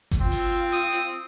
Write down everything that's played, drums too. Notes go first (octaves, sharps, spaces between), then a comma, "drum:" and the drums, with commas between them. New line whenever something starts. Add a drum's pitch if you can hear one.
drum: kick G1, hi-hat
C4 F4
drum: open hi-hat
D#6, drum: hi-hat
drum: hi-hat